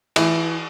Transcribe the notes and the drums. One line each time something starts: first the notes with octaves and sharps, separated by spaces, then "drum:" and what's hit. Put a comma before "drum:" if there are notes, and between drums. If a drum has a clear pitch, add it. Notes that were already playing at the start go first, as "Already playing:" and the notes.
E3, drum: cymbal